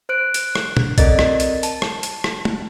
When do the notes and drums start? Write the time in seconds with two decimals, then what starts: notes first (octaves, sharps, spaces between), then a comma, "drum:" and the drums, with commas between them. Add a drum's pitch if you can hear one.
0.09 C5 F#6 D7
0.34 drum: hi-hat
0.55 drum: rim click
0.77 drum: tom
0.98 C4 A4 A#4 D5 D#5 A6, drum: kick B1, hi-hat
1.19 drum: rim click
1.40 drum: hi-hat
1.63 A5, drum: hi-hat
1.82 drum: rim click
2.03 drum: hi-hat
2.24 drum: rim click
2.45 drum: tom